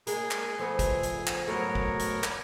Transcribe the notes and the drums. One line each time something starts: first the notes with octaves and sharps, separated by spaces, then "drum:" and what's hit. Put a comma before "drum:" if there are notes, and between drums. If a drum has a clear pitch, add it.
G#3 A#3 G#4, drum: hi-hat
drum: clap
F3 A3 B3
drum: kick, hi-hat
drum: hi-hat
drum: clap
G#2 F#3 A3 B3 A#4 C#5
drum: kick
drum: hi-hat
drum: clap